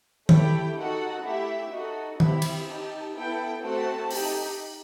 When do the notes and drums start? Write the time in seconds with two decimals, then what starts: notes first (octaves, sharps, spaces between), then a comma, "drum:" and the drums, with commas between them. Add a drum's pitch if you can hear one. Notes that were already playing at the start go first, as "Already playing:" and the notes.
0.29 A3 E4 G4 G5, drum: tom D#3
0.77 D#4 F#4 A4 F#5
1.24 A3 E4 G4 E5
1.72 D#4 F#4 A4 D#5
2.20 C4 E4 G4 B5, drum: tom D#3
2.42 drum: cymbal
2.67 D#4 G4 A5
3.15 B3 E4 A4 G5
3.63 A3 C4 F#4 A4 A5
4.11 D#4 G4, drum: open hi-hat